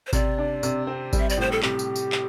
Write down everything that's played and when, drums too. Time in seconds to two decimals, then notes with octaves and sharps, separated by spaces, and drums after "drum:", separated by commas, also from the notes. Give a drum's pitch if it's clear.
0.07 C5
0.13 C3 D5, drum: kick G#1, tambourine
0.38 D4
0.63 C3, drum: tambourine
0.87 C4
1.13 G3, drum: kick G#1, tambourine
1.19 E5
1.30 D5, drum: tambourine
1.37 A2 C5
1.52 A4
1.63 C3 G4, drum: clap
1.79 drum: tambourine
1.96 drum: tambourine
2.12 drum: clap